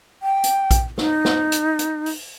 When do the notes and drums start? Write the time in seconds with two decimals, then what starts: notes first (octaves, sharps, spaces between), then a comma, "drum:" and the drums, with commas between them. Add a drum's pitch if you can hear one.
0.23 G5
0.44 drum: hi-hat
0.71 drum: kick A#1, hi-hat
0.98 D#4, drum: snare
1.25 drum: snare
1.52 drum: hi-hat
1.79 drum: hi-hat
2.06 drum: open hi-hat